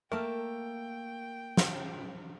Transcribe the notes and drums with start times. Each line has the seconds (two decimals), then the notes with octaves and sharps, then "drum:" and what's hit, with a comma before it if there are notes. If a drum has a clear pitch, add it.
0.12 A3 A#3 A#4 G5 A5
1.57 drum: snare